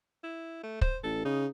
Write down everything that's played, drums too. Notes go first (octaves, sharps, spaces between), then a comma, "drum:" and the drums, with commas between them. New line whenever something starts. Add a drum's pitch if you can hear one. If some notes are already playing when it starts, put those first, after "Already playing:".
E4
A3
C5, drum: kick
A1 A4
C#3 D#4